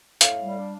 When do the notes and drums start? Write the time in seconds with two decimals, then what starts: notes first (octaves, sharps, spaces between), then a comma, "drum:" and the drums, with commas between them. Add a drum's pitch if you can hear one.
0.21 A2 F5, drum: hi-hat
0.39 G3
0.57 D4